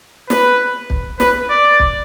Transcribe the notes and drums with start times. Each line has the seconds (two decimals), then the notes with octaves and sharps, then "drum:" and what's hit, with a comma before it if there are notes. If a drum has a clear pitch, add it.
0.30 B4, drum: snare
0.90 drum: kick
1.20 B4, drum: snare
1.50 D5
1.80 drum: kick